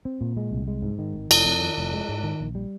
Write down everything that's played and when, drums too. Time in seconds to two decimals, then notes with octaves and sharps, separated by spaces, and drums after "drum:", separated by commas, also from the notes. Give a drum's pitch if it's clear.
0.05 C4
0.21 A#2
0.37 G#3
0.52 C2
0.68 G#3
0.83 G#2
0.99 D#3
1.14 G#1
1.31 F1, drum: cymbal
1.45 F2
1.61 D#3
1.78 F1
1.93 G#3
2.09 G#2
2.24 D#3
2.40 A#1
2.55 G3